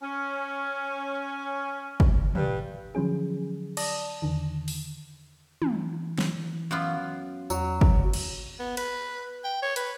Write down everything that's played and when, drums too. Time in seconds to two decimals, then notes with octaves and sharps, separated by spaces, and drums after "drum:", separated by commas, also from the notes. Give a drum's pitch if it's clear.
0.01 C#4
2.00 drum: kick
2.35 G2, drum: tom
2.95 D3 F3 F#3 C#4 G#4
3.77 D5 A5 D#6 A#6, drum: cymbal
4.22 E2 D3 D#3
4.68 drum: open hi-hat
5.62 E3, drum: tom
6.18 drum: snare
6.71 F#2 B3 F4
7.50 E2 F#3, drum: tambourine
7.81 drum: kick
8.13 drum: cymbal
8.59 B3
8.77 B4, drum: cymbal
9.44 G5
9.63 C#5
9.76 B4, drum: hi-hat